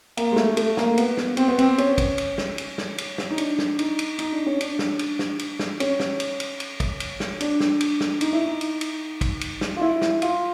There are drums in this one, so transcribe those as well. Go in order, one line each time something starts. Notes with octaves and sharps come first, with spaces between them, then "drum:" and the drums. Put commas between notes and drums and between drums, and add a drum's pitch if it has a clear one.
A#3, drum: cymbal
G#3
A3, drum: snare
A3, drum: cymbal
A#3, drum: snare
B3, drum: cymbal
drum: snare
C4, drum: cymbal
B3
C4, drum: cymbal
C#4, drum: cymbal
drum: kick, cymbal
drum: cymbal
drum: snare
drum: cymbal
drum: snare
drum: cymbal
drum: snare
D#4
D4, drum: cymbal
drum: snare
D#4, drum: cymbal
drum: cymbal
D#4, drum: cymbal
D4
C#4
D4, drum: cymbal
drum: snare
drum: cymbal
drum: snare
drum: cymbal
drum: snare
C#4, drum: cymbal
drum: snare
drum: cymbal
drum: cymbal
drum: cymbal
drum: kick, cymbal
drum: cymbal
drum: snare
D4, drum: cymbal
drum: snare
drum: cymbal
drum: snare
D#4, drum: cymbal
E4
D#4
drum: cymbal
drum: cymbal
drum: kick, cymbal
drum: cymbal
drum: snare
F4
E4
drum: snare
F4, drum: cymbal